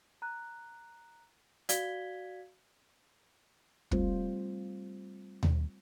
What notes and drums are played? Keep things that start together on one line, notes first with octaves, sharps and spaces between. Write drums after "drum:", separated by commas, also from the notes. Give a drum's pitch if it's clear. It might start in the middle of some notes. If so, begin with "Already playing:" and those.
A#5 F#6
F#4 D5 F5 G#6 B6 G7, drum: hi-hat
G3 A3 C4 F4 C5, drum: kick
drum: tom D#2